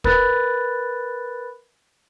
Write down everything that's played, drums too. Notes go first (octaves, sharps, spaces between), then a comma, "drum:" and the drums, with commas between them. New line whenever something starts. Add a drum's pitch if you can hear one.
A#4 B4 B5 F#6 A6, drum: kick